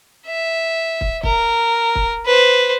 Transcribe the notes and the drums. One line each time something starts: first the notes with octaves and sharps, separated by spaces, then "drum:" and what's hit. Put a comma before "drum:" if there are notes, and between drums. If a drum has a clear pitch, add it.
E5
drum: kick
A#4, drum: kick
drum: kick
B4 C5